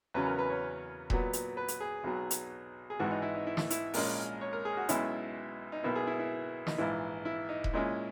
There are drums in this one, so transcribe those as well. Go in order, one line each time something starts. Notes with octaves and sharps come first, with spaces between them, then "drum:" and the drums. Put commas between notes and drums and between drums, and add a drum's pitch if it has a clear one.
E2 C#3 F#3 C#4 B4
A#4
B4
C#5
A#2 F#3 B3, drum: kick E1
drum: hi-hat
B4
drum: hi-hat
G#4
B1 B2 F#3
drum: hi-hat
G#4
G#1 G#2 E3 F#4
D#4
E4
D#4
E4
drum: snare
E4, drum: hi-hat
A#1 A#2 G#3 C#4 A#4, drum: open hi-hat
C#5
A#4
G#4
F#4
B1 B2 G#3 C#4 E4, drum: hi-hat
D#4
B1 B2 A#3 E4
G#4
E4
E4
D#4, drum: snare
A#1 G#2 E3 E4
E4
D#4
drum: kick E1
A#2 G#3 C#4 E4